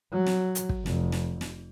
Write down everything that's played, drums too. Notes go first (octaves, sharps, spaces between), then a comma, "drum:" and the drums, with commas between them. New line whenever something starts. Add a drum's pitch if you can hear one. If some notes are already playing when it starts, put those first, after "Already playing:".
F#3
drum: snare
drum: hi-hat
drum: kick
F1, drum: snare
drum: snare
drum: snare